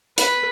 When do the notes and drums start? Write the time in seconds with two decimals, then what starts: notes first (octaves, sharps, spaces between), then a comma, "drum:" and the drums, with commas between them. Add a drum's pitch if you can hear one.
0.18 B4, drum: hi-hat